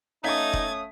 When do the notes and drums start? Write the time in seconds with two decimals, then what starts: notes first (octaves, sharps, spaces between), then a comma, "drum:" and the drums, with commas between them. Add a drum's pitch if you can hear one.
0.24 A3 C#4 D#4 F5 D#6 G#6 A6 B6
0.53 drum: kick F1